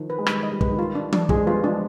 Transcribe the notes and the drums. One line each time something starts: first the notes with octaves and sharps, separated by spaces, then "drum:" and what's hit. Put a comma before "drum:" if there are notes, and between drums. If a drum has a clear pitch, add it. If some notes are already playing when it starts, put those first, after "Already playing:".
Already playing: D#3 F3
B4
G#3
D#3 G3 B5, drum: rim click
D#5
G3
G#3 B4, drum: kick
D#3 G3
F4
D4
D4, drum: tom E3
F3 G#3 G#4, drum: kick
G3 B3 F4
F3 G#3 D4